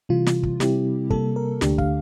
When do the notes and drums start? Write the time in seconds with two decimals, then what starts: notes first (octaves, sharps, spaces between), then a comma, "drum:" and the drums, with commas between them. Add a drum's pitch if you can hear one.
0.09 C3 E3 G3 F4
0.26 drum: snare
0.43 drum: kick
0.60 C3 G3 C4 E4 G4, drum: snare
1.10 C3 G3 A#3 A4, drum: kick
1.36 A#4
1.61 D2 D3 A3 D4 G4, drum: snare
1.78 F5, drum: kick